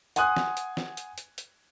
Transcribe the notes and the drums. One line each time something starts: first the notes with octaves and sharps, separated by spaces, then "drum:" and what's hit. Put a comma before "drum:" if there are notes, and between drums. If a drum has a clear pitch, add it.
F#5 G#5 C6 D#6 F#6, drum: hi-hat
drum: snare
drum: hi-hat
drum: snare
drum: hi-hat
drum: hi-hat
drum: hi-hat